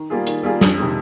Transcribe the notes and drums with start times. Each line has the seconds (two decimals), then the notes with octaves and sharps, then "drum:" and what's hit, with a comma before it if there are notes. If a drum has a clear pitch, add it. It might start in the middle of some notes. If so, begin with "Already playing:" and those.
Already playing: D#3
0.10 G3 A#3 F4 G#4
0.27 D#3, drum: hi-hat
0.43 G3 A#3 F4 G#4
0.61 F2, drum: snare
0.77 C3 D#3 G#3